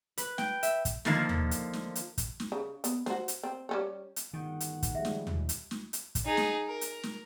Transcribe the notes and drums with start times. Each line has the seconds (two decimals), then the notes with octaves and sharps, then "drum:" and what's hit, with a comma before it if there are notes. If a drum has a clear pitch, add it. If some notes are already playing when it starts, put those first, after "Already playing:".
0.18 B4, drum: hi-hat
0.38 G5, drum: snare
0.63 E5, drum: hi-hat
0.85 drum: kick, hi-hat
1.05 D3 D#3 F3 A#3, drum: snare
1.29 drum: tom D#2
1.51 drum: hi-hat
1.73 drum: snare
1.95 drum: hi-hat
2.18 drum: kick, hi-hat
2.40 drum: snare
2.52 C#3
2.84 B3, drum: hi-hat
3.06 F#4 C5, drum: snare
3.28 drum: hi-hat
3.43 C4
3.69 G3 C#4 C#5
4.16 drum: hi-hat
4.33 G1 D#3 A3 F#5
4.60 drum: hi-hat
4.83 drum: kick, hi-hat
4.95 F3 G3 G#3 E5
5.05 drum: snare
5.27 drum: tom D#2
5.49 drum: hi-hat
5.71 drum: snare
5.93 drum: hi-hat
6.15 drum: kick, hi-hat
6.25 D#4 G#4
6.37 drum: snare
6.68 A#4
6.81 drum: hi-hat
7.03 drum: snare